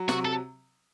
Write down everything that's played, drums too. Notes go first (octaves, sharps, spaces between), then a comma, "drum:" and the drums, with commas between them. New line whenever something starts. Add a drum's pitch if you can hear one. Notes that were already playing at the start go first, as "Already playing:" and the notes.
Already playing: F#3
C3 F#4, drum: snare
A4